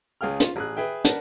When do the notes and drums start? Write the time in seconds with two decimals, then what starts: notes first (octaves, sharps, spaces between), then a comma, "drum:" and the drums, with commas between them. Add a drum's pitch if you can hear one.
0.21 C#2 G#4 F5 G5 F6
0.40 F4, drum: hi-hat
0.56 A1 G#4 F#6
0.77 G#4 B4 E5 G5
1.05 A#4 B4 D5 F#5 A5, drum: hi-hat